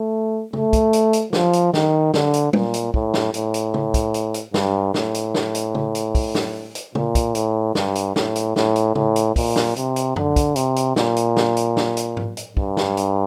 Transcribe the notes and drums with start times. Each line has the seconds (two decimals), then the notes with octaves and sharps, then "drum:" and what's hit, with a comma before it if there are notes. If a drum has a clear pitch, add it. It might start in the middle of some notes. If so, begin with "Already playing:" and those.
Already playing: A3
0.53 A3, drum: tom
0.73 drum: kick, hi-hat
0.93 drum: hi-hat
1.13 drum: hi-hat
1.33 F3, drum: snare
1.53 drum: hi-hat
1.74 D#3, drum: snare
2.14 D3, drum: snare
2.34 drum: hi-hat
2.53 A#2, drum: tom G3
2.74 drum: hi-hat
2.94 A2, drum: kick
3.14 drum: snare
3.34 A2, drum: hi-hat
3.54 drum: hi-hat
3.74 drum: tom
3.94 drum: kick, hi-hat
4.14 drum: hi-hat
4.34 drum: hi-hat
4.54 G2, drum: snare
4.94 A2, drum: snare
5.14 drum: hi-hat
5.35 drum: snare
5.55 drum: hi-hat
5.75 drum: tom
5.95 drum: hi-hat
6.15 drum: kick, open hi-hat
6.35 drum: snare
6.75 drum: hi-hat
6.95 A#2, drum: tom
7.15 drum: kick, hi-hat
7.35 A2, drum: hi-hat
7.75 G2, drum: snare
7.95 drum: hi-hat
8.16 A2, drum: snare
8.36 drum: hi-hat
8.56 A2, drum: snare
8.76 drum: hi-hat
8.95 A2, drum: tom
9.16 drum: hi-hat
9.36 A#2, drum: kick, open hi-hat
9.56 drum: snare
9.76 C3, drum: hi-hat
9.96 drum: hi-hat
10.16 D3, drum: tom F#2
10.36 drum: kick, hi-hat
10.56 C3, drum: hi-hat
10.76 drum: hi-hat
10.96 A#2, drum: snare
11.16 drum: hi-hat
11.37 drum: snare
11.57 drum: hi-hat
11.77 drum: snare
11.97 drum: hi-hat
12.17 drum: tom G#2
12.37 drum: hi-hat
12.57 G2, drum: kick
12.77 drum: snare
12.97 drum: hi-hat